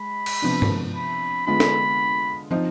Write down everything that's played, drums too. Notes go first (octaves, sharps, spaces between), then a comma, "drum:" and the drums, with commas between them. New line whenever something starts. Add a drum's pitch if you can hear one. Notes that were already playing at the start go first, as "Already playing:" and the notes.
Already playing: G#3 B5
drum: cymbal
C3 F3 B3 D4
drum: tom
B5
D3 G#3 B3 F4 B5
drum: snare
F3 C4 D#4